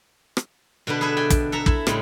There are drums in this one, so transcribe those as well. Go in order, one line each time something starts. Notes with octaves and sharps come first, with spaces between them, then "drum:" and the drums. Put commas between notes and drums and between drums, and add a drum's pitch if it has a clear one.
drum: rim click
B2 D3 D4 B4
G#4 A4 B4 E5
D5 G5 G#5
drum: kick, hi-hat
A4 E5 A#5
E4, drum: kick
A2 C#3 G3 G#3, drum: rim click